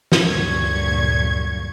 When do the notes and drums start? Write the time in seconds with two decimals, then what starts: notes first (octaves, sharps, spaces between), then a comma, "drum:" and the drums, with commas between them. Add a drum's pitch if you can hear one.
0.12 drum: snare
0.25 D2 G2 A#2 F#3 C#6 G#6